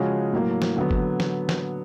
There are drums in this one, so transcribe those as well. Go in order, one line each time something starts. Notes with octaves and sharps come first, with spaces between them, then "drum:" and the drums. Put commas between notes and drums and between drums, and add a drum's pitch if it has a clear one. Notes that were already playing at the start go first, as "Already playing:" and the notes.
Already playing: C#3 F3 G#3 C#4 F#4
A2 F#3 A#3
drum: snare
D3 F#3 B3
drum: kick F#1
drum: snare
drum: snare